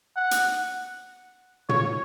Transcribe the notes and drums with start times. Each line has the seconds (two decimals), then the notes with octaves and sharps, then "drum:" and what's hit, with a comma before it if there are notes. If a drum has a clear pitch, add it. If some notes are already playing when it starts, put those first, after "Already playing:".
0.16 F#5
0.31 drum: hi-hat
1.69 C#5, drum: tom